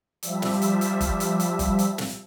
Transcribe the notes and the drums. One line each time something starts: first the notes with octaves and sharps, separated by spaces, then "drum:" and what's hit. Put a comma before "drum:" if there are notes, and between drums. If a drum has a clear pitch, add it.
F3 G3 E5, drum: hi-hat
drum: snare
drum: hi-hat
drum: hi-hat
drum: kick G1, hi-hat
drum: hi-hat
drum: hi-hat
drum: kick G1, hi-hat
drum: hi-hat
drum: snare